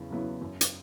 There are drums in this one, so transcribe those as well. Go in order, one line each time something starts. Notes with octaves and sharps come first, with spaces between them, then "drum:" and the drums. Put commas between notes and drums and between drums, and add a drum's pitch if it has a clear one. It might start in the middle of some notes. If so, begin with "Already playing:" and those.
Already playing: E2 C#3 F#3 B3
C#3 F#3 B3 E4
F#2
drum: hi-hat